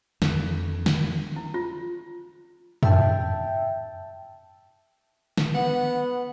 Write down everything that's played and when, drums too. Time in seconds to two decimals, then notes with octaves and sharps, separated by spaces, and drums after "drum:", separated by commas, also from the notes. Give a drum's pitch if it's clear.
0.22 F2, drum: snare
0.86 drum: snare
1.36 E4
1.54 F4
2.83 E5 G5 A5, drum: tom F2
5.38 drum: snare
5.54 B3 F#5